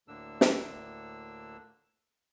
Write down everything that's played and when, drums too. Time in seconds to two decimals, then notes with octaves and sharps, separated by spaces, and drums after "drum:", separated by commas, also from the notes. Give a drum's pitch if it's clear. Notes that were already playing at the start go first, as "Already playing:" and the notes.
0.08 D2 A2 D3 A#3 D4 E6
0.41 drum: snare